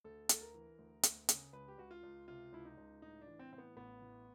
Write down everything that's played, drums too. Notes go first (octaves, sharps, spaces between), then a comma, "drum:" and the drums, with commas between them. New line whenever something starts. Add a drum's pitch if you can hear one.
D2 A4
D2 A4, drum: hi-hat
A#4
E3
D2
D2, drum: hi-hat
C#3, drum: hi-hat
C#2 B4
G4
C#2 F#4
F4
C#2
C3 F4
C#2 E4
D#4
C#2
A2 D#4
D4
E3
C4
A2 C4
B3
A1 B3
A2